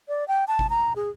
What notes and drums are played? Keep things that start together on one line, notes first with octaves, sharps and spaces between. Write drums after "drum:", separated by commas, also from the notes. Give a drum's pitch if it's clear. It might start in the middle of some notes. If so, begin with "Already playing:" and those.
D5
G5
A5
drum: kick G1
A#5
G#4